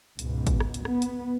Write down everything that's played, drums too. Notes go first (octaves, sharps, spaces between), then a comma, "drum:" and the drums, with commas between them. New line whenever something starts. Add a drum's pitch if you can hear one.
C#2 G#2 B2, drum: hi-hat
drum: kick G#1, hi-hat
drum: rim click
drum: hi-hat
B3, drum: rim click
drum: hi-hat